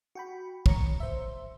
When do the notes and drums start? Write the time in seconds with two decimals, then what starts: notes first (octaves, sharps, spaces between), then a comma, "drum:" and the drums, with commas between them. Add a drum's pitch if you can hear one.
0.15 F#4 G5 B5
0.66 C#5 A#5 C#7, drum: kick
1.00 C5 E5